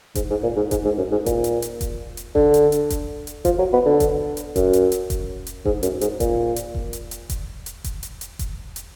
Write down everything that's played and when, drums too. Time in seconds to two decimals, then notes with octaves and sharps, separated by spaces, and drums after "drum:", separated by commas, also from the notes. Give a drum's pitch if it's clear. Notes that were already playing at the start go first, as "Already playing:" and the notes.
0.15 G#2, drum: kick F1, hi-hat
0.30 G#2
0.43 A#2
0.57 G#2
0.71 G#2, drum: kick F1, hi-hat
0.85 G#2
0.98 F#2
1.12 G#2
1.26 A#2, drum: kick F1, hi-hat
1.44 drum: hi-hat
1.62 drum: hi-hat
1.81 drum: kick F1, hi-hat
2.17 drum: hi-hat
2.35 D3, drum: kick F1
2.54 drum: hi-hat
2.72 drum: hi-hat
2.90 drum: kick F1, hi-hat
3.27 drum: hi-hat
3.45 F3, drum: kick F1, hi-hat
3.59 F#3
3.73 B3
3.86 D3
4.00 drum: kick F1, hi-hat
4.37 drum: hi-hat
4.56 F#2, drum: kick F1, hi-hat
4.73 drum: hi-hat
4.92 drum: hi-hat
5.10 drum: kick F1, hi-hat
5.47 drum: hi-hat
5.65 G#2, drum: kick F1
5.83 F#2, drum: hi-hat
6.01 G#2, drum: hi-hat
6.20 A#2, drum: kick F1, hi-hat
6.56 drum: hi-hat
6.75 drum: kick F1
6.93 drum: hi-hat
7.11 drum: hi-hat
7.30 drum: kick F1, hi-hat
7.66 drum: hi-hat
7.84 drum: kick F1, hi-hat
8.03 drum: hi-hat
8.21 drum: hi-hat
8.39 drum: kick F1, hi-hat
8.76 drum: hi-hat